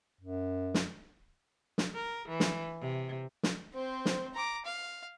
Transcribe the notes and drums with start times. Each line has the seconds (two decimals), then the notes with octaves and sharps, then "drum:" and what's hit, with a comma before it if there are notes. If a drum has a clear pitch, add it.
0.21 F#2
0.74 drum: snare
1.78 drum: snare
1.94 A#4
2.29 E3
2.40 drum: snare
2.81 C3
3.43 drum: snare
3.74 C4 C5
4.05 drum: snare
4.34 A#5 D6
4.65 F5